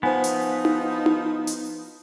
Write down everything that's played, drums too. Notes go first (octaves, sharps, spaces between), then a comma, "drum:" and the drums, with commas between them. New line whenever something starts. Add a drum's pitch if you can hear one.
F3 B3 D#4 C5 G#5
drum: hi-hat
drum: tom D#4
drum: tom D#4
drum: hi-hat